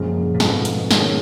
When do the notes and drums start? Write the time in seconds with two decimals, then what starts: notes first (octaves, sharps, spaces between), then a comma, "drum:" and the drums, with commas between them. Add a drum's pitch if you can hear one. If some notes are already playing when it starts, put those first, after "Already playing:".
Already playing: F#2 A#2 C#3 F3 G#3
0.34 A#2
0.40 F2 G#2 B2 F3 B3 F4, drum: snare
0.65 drum: hi-hat
0.91 D#3 A#3 C#4 G#4, drum: snare